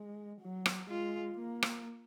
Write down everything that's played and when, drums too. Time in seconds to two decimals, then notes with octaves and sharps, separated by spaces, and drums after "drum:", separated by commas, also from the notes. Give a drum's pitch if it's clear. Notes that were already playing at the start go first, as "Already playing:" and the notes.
Already playing: G#3
0.41 F#3
0.66 drum: rim click
0.89 G#3 F4
1.38 A#3
1.63 drum: rim click